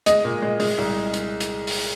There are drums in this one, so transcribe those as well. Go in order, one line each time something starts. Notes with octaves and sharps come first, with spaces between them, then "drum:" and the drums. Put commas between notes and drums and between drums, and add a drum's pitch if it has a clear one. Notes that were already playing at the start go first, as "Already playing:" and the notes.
G#3 D#5, drum: hi-hat
A#2
G#3
G#3, drum: open hi-hat
C2
drum: hi-hat
drum: hi-hat
drum: open hi-hat